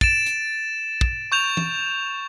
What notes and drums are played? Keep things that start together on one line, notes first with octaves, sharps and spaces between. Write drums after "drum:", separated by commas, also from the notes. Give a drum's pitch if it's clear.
A6 D7 E7, drum: kick
drum: hi-hat
drum: kick
C#6 G6 F7
drum: tom E3